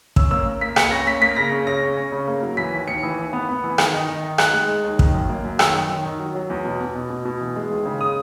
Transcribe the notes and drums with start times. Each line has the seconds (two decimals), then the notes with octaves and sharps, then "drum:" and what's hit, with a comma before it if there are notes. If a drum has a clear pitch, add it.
0.16 C#4 E6, drum: kick
0.31 A#3 E6
0.46 A#3
0.61 A#3 B6
0.76 C#2 C#7, drum: rim click
0.91 C#4 A#6
1.07 A#3 B6
1.22 A#3 B6
1.36 C#3 A#6
1.52 C#4
1.67 C#3 A#6
1.83 C#4
1.97 C#4
2.12 C#3
2.28 A#3
2.43 F#3
2.57 E3 B6
2.73 D#2
2.88 D#2 C#7
3.03 E3
3.18 D#2
3.33 B3
3.49 B3
3.64 E3
3.78 D#3, drum: rim click
3.94 D#4
4.09 D#3
4.24 D#4
4.38 D#4 F#6, drum: rim click
4.53 G#3
4.68 D#4
4.84 D#2
4.99 D#3, drum: kick
5.14 F#2
5.29 A#3
5.44 F#2
5.59 D#3 E6, drum: rim click
5.75 F#2
5.89 D#3
6.05 D#3
6.19 F#3
6.35 F#3
6.50 E2
6.65 B2
6.81 B2
6.95 B2
7.10 B2
7.25 B2
7.40 E3
7.56 G#3
7.71 D#2
7.86 C#3
8.01 D#6